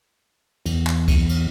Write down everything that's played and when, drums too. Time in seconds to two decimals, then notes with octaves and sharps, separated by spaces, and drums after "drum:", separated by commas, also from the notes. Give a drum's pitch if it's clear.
0.66 E2, drum: cymbal
0.87 drum: clap
1.08 drum: kick C2, cymbal
1.29 drum: cymbal